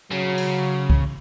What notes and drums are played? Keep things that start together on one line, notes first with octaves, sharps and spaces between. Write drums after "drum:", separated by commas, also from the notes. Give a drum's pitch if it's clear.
C#3 F#3
drum: cymbal
drum: kick C2